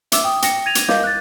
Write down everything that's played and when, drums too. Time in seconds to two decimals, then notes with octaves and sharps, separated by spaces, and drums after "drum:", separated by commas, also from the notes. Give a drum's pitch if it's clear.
0.12 E5 D6 E6, drum: hi-hat
0.24 G5 D#6
0.42 G5 A#6 C#7, drum: hi-hat
0.66 G#6 A#6 D#7 F7
0.75 drum: hi-hat
0.88 A#4 D#5 F5 D6 G6, drum: snare
1.04 F#6 A6